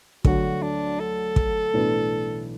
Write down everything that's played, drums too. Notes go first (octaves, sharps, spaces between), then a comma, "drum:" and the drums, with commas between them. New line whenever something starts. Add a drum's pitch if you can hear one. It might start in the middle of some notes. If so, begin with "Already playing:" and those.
D2 D3 F#3 A3 F#4, drum: kick
D4
A4
drum: kick
B1 A2 E3 D4 B4